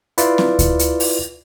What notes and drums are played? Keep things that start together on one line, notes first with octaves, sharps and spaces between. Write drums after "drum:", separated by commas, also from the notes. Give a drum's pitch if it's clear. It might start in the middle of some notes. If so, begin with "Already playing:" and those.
E4 F4 B4 D5, drum: hi-hat
drum: snare C4
drum: kick D2, hi-hat
drum: hi-hat
drum: open hi-hat